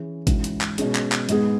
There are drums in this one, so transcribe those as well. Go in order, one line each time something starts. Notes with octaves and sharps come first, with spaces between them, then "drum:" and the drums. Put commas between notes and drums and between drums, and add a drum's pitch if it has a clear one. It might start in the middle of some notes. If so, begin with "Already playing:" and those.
Already playing: E3 C#4 G#4
G#2 E3 C#4 F#4, drum: kick G#1, hi-hat
drum: hi-hat
drum: clap
B2 G#3 C#4 G#4, drum: hi-hat
drum: clap
drum: clap
G#2 G#3 B3 G#4, drum: hi-hat